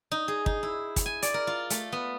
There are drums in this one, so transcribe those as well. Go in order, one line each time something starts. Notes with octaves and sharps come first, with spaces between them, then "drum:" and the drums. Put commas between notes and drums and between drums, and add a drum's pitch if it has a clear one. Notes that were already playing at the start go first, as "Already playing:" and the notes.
D#4
G#4
D#4, drum: kick
E4
drum: kick, hi-hat
G#5
D5, drum: hi-hat
A#4
F4
A3, drum: hi-hat
B3